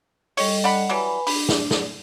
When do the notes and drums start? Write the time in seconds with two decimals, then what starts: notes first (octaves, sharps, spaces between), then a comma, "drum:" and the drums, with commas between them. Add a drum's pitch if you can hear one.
0.37 G3 A4 C#5 D#5, drum: open hi-hat
0.64 D4 F#5 B5
0.89 E3 F#3 G3 B4 G#5 B5
1.27 D4 B5, drum: open hi-hat
1.49 drum: snare
1.71 drum: snare